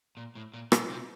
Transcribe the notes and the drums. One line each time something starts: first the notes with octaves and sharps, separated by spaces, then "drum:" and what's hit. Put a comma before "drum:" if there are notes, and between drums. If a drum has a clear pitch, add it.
A#2
A2
A#2
B2, drum: rim click
C3